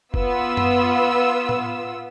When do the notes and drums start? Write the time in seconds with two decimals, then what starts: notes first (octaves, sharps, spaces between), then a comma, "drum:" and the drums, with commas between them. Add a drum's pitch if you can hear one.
0.14 B3 F4 E6, drum: kick F1
0.57 drum: tom F#2
1.49 drum: tom A2